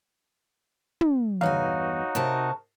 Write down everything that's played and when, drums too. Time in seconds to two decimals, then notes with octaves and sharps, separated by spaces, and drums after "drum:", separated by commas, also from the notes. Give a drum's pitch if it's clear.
1.01 drum: tom
1.41 E2 G2 D#4 F#4 C#5 F5 G#5
2.15 C3 A#4 A5, drum: hi-hat